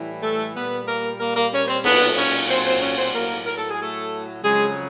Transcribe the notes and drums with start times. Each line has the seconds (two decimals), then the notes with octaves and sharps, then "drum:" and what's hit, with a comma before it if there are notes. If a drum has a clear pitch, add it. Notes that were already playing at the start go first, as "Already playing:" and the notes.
Already playing: A2 E3 G3
0.22 A3 A4
0.55 A#2 G3 B3 B4
0.87 A#3 A#4
1.19 A#3 A#4
1.36 A#3 A#4
1.52 C#4 C#5
1.68 C4 C5
1.84 A#2 F#3 B3 B4, drum: cymbal
2.17 C#4 C#5
2.49 C4 C5
2.66 C4 C5
2.81 C#4 C#5
2.97 C4 C5
3.13 A2 F#3 A#3 A#4
3.46 A#4
3.57 A4
3.70 G#4
3.81 A3 A4
4.43 F2 C#3 F#3 G#3 G#4